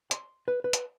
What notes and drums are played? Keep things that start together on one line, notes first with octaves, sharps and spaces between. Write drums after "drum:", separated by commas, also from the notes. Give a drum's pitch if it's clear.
C6, drum: hi-hat
B4
B4
drum: hi-hat